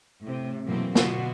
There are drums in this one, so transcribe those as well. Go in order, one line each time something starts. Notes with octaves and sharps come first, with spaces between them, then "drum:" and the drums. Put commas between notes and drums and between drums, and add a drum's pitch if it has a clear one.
A2 C3
F#2 B2 E3 A3 A#3 C4
B2 D3 B3 F4 F#4, drum: snare